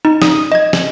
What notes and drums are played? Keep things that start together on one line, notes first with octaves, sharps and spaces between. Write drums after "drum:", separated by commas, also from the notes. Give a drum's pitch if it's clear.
D#4
D#6, drum: snare
D#5 G#6
drum: snare